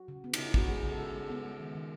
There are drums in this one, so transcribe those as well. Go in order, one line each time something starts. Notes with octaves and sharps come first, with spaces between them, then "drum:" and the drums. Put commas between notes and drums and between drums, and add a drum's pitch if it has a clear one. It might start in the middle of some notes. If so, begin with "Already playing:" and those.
Already playing: F#4
C#3
B3
C#3 D#4, drum: cymbal
E4
B3 F#4, drum: kick
G#3 G#4
C#3
A4
C#3
G#3
B3
G#3
D#3
D#3